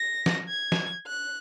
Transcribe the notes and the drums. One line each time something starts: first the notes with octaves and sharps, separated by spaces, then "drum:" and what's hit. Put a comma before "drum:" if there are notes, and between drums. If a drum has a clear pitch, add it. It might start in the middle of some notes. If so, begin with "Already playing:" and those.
Already playing: A#6
drum: snare
G#6
drum: snare
F#6